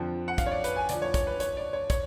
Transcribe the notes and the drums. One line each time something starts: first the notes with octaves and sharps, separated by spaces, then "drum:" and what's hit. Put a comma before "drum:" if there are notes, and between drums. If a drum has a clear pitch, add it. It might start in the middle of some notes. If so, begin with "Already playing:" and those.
Already playing: F2 D3 F3
F#5
F5, drum: kick, hi-hat
C#5
D5
B4, drum: hi-hat
G#5
D2 D3 F3 D5, drum: hi-hat
C#5
C#5, drum: kick, hi-hat
B4
C#5, drum: hi-hat
D5
C#5
C#5, drum: kick, hi-hat